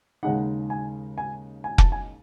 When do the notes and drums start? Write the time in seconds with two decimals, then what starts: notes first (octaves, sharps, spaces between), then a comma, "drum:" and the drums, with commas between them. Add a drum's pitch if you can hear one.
0.23 D#2 C#3 G#3 D#4 F#5
0.70 G#5
1.18 G#5
1.64 G#5
1.78 A5, drum: kick F1
1.92 G#5